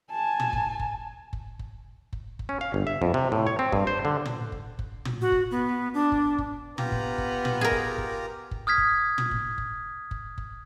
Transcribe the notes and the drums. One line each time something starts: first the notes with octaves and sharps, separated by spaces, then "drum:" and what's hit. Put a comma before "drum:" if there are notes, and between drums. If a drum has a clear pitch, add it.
G#5 A5
drum: tom
drum: kick F#1
drum: kick F#1
drum: kick F#1
drum: kick F#1
drum: kick F#1
drum: kick F#1
C#4
F5
G1
E5
F2
C3
A2
C#5
C4
G2, drum: kick F#1
C5
D3
drum: tom
drum: kick F#1
drum: kick F#1
drum: tom
F#4
drum: kick F#1
B3
D4
drum: kick F#1
drum: kick F#1
B3 F4 G4 A#5, drum: tom
drum: kick F#1
drum: kick F#1
drum: tom
G#4 A#4
drum: kick F#1
drum: kick F#1
drum: kick F#1
D#6 F6 G#6 B6
drum: kick F#1
drum: tom
drum: kick F#1
drum: kick F#1
drum: kick F#1
drum: kick F#1